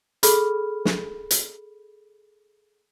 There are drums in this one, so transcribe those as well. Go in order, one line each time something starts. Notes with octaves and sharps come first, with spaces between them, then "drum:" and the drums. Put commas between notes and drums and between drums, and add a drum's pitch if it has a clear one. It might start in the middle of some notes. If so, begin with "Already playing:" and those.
G#4 A4 B5 F6, drum: hi-hat
drum: snare
drum: hi-hat